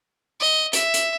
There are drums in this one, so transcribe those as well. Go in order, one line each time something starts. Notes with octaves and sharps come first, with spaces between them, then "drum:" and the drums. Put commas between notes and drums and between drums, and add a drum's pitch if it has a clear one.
D#5
E5, drum: hi-hat
drum: hi-hat